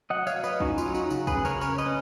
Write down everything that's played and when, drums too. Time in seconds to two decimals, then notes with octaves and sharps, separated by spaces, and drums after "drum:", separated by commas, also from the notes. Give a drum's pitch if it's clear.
0.10 F#3 D#5 F#5
0.27 C#5 F5, drum: tambourine
0.36 F#3
0.44 B4 D#5, drum: tambourine
0.60 C#4 D#4 F#4, drum: kick
0.78 F4, drum: tambourine
0.86 F#3
0.95 D#4 F#4, drum: tambourine
1.10 C#3, drum: tambourine
1.27 G#4 B4, drum: kick, tambourine
1.36 C#3
1.45 A#4 C#5, drum: tambourine
1.61 C#4 A#4 C#5, drum: tambourine
1.78 B4 D#5, drum: tambourine
1.86 C#4